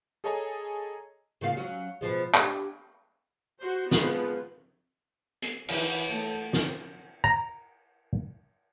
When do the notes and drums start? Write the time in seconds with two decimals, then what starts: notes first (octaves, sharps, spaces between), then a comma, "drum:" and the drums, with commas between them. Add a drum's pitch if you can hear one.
0.24 G#4 A4 C#5 D#5 G#5 A#5
1.41 C#3 A#3 F4
1.57 F#3 C#4
2.01 B2 F3 G#3
2.34 D4 G4, drum: clap
3.59 F#4 C5
3.91 F3 G#3 B3 F4, drum: snare
5.42 drum: hi-hat
5.68 E3, drum: cymbal
6.07 A3
6.53 drum: snare
7.24 A#5